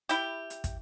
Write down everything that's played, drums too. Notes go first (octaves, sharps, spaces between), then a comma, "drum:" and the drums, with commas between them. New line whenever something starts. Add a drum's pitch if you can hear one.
E4 G4, drum: hi-hat
drum: hi-hat
drum: kick, hi-hat